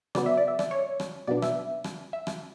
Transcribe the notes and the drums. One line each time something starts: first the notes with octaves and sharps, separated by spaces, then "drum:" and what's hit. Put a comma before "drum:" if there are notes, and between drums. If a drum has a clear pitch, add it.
C#3 F#3 B3 D5, drum: rim click
E5
D5
E5
D5, drum: rim click
C#5
drum: rim click
B2 F#3 B3 D4 D5
E5, drum: rim click
drum: rim click
E5
drum: rim click